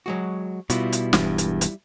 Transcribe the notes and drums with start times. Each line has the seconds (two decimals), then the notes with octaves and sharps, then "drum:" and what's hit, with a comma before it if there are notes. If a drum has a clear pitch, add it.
0.06 F#3 G#3 F#4
0.70 B2 G3 E4 F4, drum: hi-hat
0.93 drum: hi-hat
1.13 E1 E2 G2, drum: snare
1.38 drum: hi-hat
1.61 drum: hi-hat